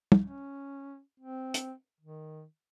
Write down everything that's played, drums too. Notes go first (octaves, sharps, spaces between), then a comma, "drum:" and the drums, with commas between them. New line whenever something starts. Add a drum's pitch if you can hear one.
drum: tom
C#4
C4
drum: hi-hat
D#3